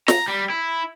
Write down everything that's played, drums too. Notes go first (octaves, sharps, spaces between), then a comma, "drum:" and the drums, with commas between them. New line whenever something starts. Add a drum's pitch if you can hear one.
A#5, drum: snare
G3
E4